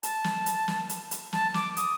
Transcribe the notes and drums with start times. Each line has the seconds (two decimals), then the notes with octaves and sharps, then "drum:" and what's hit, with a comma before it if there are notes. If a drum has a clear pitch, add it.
0.03 A5, drum: hi-hat
0.24 drum: snare
0.46 drum: hi-hat
0.68 drum: snare
0.89 drum: hi-hat
1.11 drum: hi-hat
1.33 A5, drum: snare
1.54 D6, drum: snare
1.77 D#6, drum: hi-hat